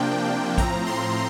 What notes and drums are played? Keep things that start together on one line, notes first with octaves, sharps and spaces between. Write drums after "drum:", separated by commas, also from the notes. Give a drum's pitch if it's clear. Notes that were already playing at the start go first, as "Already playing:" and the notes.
Already playing: C3 F3 A#3 D4 G5
A2 F3 C4 A#5, drum: kick A#1, hi-hat
C6